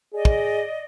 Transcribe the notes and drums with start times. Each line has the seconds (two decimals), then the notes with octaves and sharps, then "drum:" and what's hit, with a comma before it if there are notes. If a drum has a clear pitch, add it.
0.13 G#4 D5 D#5
0.25 drum: kick